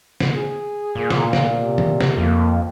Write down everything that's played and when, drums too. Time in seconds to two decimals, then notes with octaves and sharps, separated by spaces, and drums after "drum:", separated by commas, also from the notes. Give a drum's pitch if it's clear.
0.20 drum: snare
0.35 G#4
0.95 A#2
1.11 drum: snare
1.33 drum: snare
1.56 C3
1.78 drum: tom D#3
2.01 drum: snare
2.17 F2 A#3